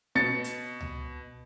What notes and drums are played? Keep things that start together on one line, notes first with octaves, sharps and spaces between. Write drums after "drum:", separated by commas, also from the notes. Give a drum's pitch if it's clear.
B2 A6 C#7
drum: hi-hat
drum: tom C#2